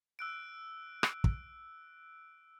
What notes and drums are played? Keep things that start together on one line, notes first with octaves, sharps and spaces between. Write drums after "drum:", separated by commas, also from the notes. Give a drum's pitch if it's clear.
E6 F#6 D7
drum: rim click
drum: kick